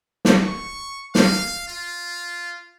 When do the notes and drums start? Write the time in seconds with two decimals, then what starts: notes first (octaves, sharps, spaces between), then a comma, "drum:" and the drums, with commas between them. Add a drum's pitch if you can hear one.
0.25 drum: snare
0.42 C#6
1.15 F5, drum: snare
1.68 F4